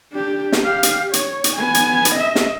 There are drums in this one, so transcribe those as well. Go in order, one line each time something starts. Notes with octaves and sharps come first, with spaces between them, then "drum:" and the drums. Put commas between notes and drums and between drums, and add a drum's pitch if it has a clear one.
D4 G4
drum: snare
G4 F5
drum: hi-hat
C#5, drum: hi-hat
drum: hi-hat
B3 G#5
drum: hi-hat
drum: hi-hat
D#5 E5
drum: snare